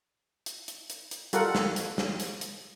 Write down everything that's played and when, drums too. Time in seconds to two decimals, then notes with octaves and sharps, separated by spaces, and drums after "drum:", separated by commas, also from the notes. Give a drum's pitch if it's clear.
0.46 drum: hi-hat
0.68 drum: hi-hat
0.90 drum: hi-hat
1.11 drum: hi-hat
1.33 G3 F4 A4 A#4 F#5, drum: hi-hat
1.55 drum: snare
1.76 drum: hi-hat
1.98 drum: snare
2.20 drum: hi-hat
2.41 drum: hi-hat